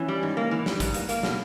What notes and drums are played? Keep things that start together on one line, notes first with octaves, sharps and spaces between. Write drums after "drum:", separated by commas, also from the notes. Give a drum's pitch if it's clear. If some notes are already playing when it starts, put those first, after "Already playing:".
Already playing: E3 C#4
G3
G#2
A#3
E3
G3, drum: snare
G#2, drum: kick, hi-hat
A#3, drum: hi-hat
A#3, drum: hi-hat
B2, drum: snare